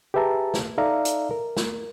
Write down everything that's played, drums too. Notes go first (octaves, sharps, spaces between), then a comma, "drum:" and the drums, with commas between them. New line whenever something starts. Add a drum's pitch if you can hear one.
G4 G#4 B4 E5 A5 A#5
drum: snare
D#4 A4 D5 E5 F5 A#5
drum: hi-hat
A#4
drum: snare